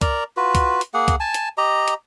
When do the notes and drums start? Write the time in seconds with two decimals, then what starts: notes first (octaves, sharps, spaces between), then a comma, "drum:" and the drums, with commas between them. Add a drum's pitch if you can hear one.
0.01 A#4 D5 A#5, drum: kick C2, hi-hat
0.37 F4 F#4 B4
0.55 drum: kick C2, hi-hat
0.81 drum: hi-hat
0.94 A#3 G#4 F#5
1.08 drum: kick C2, hi-hat
1.20 G#5 A5
1.34 drum: hi-hat
1.58 G4 D#5 A#5
1.88 drum: hi-hat